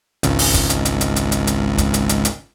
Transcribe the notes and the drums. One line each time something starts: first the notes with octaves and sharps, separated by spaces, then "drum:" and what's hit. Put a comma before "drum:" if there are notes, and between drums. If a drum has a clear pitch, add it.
G#1 C#2, drum: hi-hat
drum: open hi-hat
drum: kick, hi-hat
drum: hi-hat
drum: hi-hat
drum: hi-hat
drum: hi-hat
drum: hi-hat
drum: hi-hat
drum: kick, hi-hat
drum: hi-hat
drum: hi-hat
drum: hi-hat